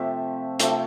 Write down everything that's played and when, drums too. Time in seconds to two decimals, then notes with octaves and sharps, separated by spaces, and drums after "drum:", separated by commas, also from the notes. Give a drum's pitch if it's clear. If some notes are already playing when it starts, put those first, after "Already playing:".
Already playing: C3 F3 A3 E5
0.60 C3 F3 A3 A4, drum: hi-hat